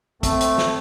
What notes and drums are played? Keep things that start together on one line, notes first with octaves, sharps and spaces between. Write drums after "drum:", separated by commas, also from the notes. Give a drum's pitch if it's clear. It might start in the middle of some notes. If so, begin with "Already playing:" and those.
A3 C4, drum: kick, hi-hat
drum: hi-hat
drum: snare